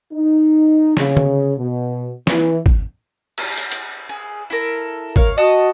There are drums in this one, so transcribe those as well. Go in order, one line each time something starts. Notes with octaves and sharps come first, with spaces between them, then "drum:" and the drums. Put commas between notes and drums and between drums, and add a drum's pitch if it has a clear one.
D#4
C#3, drum: snare
drum: tom D3
B2
E3, drum: snare
drum: kick
drum: cymbal
drum: hi-hat
drum: hi-hat
G#4
E4 A4 A#4
A#4 C#5 F5, drum: kick
F#4 D#5 F#5 A5 D#6